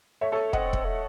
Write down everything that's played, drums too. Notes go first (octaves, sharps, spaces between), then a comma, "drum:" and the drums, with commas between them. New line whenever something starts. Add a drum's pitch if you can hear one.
A3 C#5 E5
A4 C#5
C4 D#5 F#5, drum: kick
drum: kick
A3